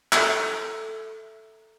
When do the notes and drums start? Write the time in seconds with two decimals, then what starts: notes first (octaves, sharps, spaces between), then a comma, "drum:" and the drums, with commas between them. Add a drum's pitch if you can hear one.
0.12 A4 E5 A#5 G6, drum: clap